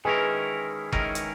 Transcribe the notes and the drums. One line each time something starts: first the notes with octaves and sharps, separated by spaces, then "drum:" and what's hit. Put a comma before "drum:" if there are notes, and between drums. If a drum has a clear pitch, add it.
D#3 G#3 C#4 E4 G#4 A#4 B4
D#3 G#3 C#4 E4 A#4, drum: kick G1
drum: hi-hat